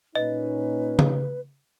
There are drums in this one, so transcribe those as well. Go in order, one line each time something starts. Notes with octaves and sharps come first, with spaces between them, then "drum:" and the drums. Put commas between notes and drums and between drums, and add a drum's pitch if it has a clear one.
A#2 C#4 D#4 B4 D#5
drum: tom C#3